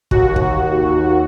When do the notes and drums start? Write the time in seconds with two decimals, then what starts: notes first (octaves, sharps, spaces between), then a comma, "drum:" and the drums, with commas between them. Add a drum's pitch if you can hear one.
0.11 D#2 F#4, drum: kick
0.36 drum: kick